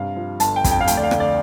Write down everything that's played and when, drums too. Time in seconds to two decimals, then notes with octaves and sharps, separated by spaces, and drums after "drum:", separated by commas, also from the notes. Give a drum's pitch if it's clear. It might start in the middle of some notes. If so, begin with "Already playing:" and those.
Already playing: G2 C3 F5
0.16 F3
0.40 G1 A5, drum: hi-hat
0.56 G5
0.64 F2, drum: kick, hi-hat
0.71 G5
0.81 F5
0.87 D2 G5, drum: hi-hat
0.97 D5
1.04 F5
1.11 D3, drum: rim click
1.20 D5